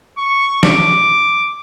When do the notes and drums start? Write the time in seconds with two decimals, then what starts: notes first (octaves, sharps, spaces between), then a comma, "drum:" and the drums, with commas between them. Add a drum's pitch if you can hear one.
0.18 C#6
0.63 D6, drum: snare